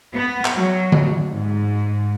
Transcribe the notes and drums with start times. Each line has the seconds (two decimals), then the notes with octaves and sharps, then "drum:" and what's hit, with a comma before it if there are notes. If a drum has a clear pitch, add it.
0.14 B3
0.45 drum: clap
0.56 F#3
0.92 drum: tom D3
1.30 G#2